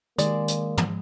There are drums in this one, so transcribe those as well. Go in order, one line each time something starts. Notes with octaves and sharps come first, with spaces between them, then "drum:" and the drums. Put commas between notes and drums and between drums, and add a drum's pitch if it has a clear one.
D#3 G#3 A#3 D5, drum: hi-hat
drum: hi-hat
drum: tom